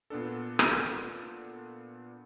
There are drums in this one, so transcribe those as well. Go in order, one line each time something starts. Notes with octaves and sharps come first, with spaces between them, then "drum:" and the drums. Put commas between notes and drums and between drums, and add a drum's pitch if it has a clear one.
A#2 B3 D4 A4
drum: rim click